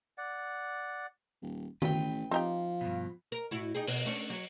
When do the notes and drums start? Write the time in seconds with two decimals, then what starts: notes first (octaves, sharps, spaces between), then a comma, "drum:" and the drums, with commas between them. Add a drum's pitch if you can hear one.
0.18 D5 F#5
1.42 D#1
1.82 A1 B4 G5, drum: tom D#3
2.31 F3 C4 D#4 G4 F5
2.81 G2 B2
3.32 A#4
3.51 A2 E4 F#4
3.75 D#4 G4 G#4
3.87 B2 F#4, drum: open hi-hat
4.06 A3 C#4 D4
4.30 F#3